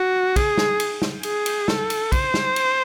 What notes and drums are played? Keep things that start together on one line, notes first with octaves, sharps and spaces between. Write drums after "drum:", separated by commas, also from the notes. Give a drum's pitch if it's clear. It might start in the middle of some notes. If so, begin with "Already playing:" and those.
Already playing: F#4
G#4, drum: kick, cymbal
drum: snare
drum: cymbal
drum: snare
G#4, drum: cymbal
drum: cymbal
A4, drum: snare
drum: cymbal
C5, drum: kick, cymbal
drum: snare
drum: cymbal